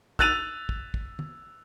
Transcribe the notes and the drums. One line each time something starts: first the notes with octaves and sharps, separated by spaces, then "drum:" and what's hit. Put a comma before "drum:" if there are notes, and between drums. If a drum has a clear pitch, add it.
E6 F#6 A6 D#7 F7, drum: kick
drum: kick
drum: kick
drum: tom